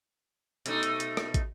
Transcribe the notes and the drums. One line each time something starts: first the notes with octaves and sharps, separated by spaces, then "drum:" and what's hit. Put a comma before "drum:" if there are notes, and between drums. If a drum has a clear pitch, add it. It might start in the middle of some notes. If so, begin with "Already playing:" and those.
B2 A3 D#4, drum: hi-hat
drum: hi-hat
drum: hi-hat
drum: rim click
drum: kick, hi-hat